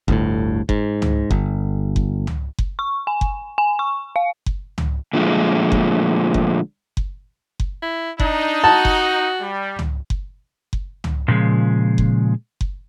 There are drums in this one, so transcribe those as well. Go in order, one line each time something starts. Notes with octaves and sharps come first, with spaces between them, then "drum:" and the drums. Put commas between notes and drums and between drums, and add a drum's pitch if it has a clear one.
G1 D2 A2, drum: kick F#1
G#2, drum: kick F#1
drum: tom
G1, drum: kick F#1
drum: kick F#1
drum: tom
drum: kick F#1
C#6
G#5
drum: kick F#1
G#5
C#6
F5
drum: kick F#1
drum: tom
A#2 D3 F3 G#3 A3
drum: kick F#1
drum: kick F#1
drum: kick F#1
drum: kick F#1
E4
D4 D#4, drum: kick F#1
F#4 A5
drum: kick F#1
G3
drum: tom
drum: kick F#1
drum: kick F#1
drum: tom
A#2 C#3 F3 G#3
drum: kick F#1
drum: kick F#1